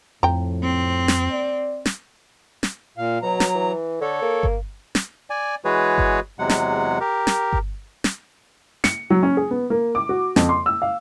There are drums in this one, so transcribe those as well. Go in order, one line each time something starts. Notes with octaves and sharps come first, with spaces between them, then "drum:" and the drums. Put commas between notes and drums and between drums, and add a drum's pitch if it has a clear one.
F2 A2 G5 A#5
C4
drum: snare
D5
drum: snare
drum: snare
A#2 F5
B2 F#3 A#5
drum: snare
E3
D3 A4 C#5
A#3
drum: kick G1
drum: snare
D5 G#5
E3 G#3 F#4 G#4 B4 C#5
drum: kick G1
E2 C3 F#3 G#3 F#5
drum: snare
G4 A#4
drum: snare
drum: kick G1
drum: snare
C#7, drum: snare
F#3
C#4
G#4
B3
A#3
D6
F#4
F2, drum: snare
C6
E6
F5